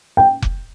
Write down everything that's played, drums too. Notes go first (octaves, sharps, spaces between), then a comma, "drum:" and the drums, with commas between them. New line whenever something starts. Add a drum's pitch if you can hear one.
G5
drum: kick F1